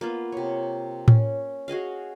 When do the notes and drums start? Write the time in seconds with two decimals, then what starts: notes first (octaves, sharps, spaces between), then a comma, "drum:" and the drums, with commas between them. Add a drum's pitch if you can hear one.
0.01 A#3 B3 F4
0.32 C3 C#5
1.08 C#4, drum: tom A2
1.68 F#4 G#4 D#5 F5